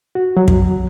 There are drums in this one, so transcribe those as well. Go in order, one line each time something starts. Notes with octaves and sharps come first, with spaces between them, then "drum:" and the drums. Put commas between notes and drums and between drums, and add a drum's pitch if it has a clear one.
F#4
F#3
drum: kick